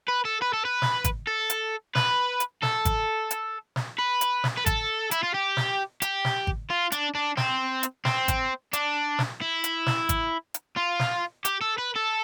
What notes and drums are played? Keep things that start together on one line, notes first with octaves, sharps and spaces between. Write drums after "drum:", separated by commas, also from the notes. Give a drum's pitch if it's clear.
B4
A4
B4
A4
B4
drum: snare
drum: kick G#1, hi-hat
A4
drum: hi-hat
B4, drum: snare
drum: hi-hat
A4, drum: snare
drum: kick G#1, hi-hat
drum: hi-hat
drum: snare
B4
drum: hi-hat
drum: snare
B4
A4, drum: kick G#1, hi-hat
E4, drum: hi-hat
F4
G4
drum: snare
G4, drum: hi-hat
drum: snare
drum: kick G#1
F4
D4, drum: hi-hat
D4
C4, drum: snare
drum: hi-hat
C4, drum: snare
drum: kick G#1, hi-hat
D4, drum: hi-hat
drum: snare
E4
drum: hi-hat
drum: snare
drum: kick G#1, hi-hat
drum: hi-hat
F4
drum: snare
G4, drum: hi-hat
A4
B4
A4